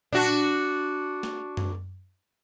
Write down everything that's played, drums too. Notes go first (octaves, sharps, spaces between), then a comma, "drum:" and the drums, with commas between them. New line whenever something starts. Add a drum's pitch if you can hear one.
D4 F#4, drum: tom A#2
drum: snare
drum: tom F#2